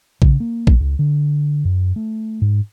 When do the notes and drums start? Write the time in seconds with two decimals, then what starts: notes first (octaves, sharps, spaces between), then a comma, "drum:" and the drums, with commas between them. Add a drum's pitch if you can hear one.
0.22 C#3, drum: kick A#1
0.40 A#3
0.67 drum: kick A#1
0.81 C#2
0.99 D3
1.65 F#2
1.96 A3
2.41 G#2